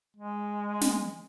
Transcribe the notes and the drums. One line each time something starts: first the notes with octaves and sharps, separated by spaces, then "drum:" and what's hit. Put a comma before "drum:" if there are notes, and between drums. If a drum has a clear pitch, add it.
G#3
drum: snare